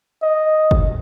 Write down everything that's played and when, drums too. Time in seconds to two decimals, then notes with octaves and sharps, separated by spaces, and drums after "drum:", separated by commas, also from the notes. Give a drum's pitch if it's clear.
0.22 D#5
0.71 drum: kick F#1